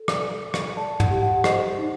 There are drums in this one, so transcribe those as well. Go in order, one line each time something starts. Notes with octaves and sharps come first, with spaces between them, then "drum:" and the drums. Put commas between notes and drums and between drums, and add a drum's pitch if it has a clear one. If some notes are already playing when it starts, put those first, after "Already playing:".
Already playing: A4
D5, drum: rim click
D5
drum: rim click
D5 A5
F#5, drum: tom
G4
F#5
C5 D#5, drum: rim click
D#4